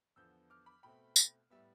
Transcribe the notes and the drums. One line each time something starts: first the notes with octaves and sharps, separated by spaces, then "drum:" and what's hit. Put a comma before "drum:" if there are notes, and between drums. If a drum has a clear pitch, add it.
E2 D3 F3 B3 E6 G6
D6 F6
B5 D6
B2 A3 C4 G5 B5
drum: tambourine
A2 G3 B3 E5